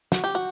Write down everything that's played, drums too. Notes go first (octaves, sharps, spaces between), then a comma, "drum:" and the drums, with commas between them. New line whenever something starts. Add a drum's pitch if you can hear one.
F#4, drum: snare
G4
F#4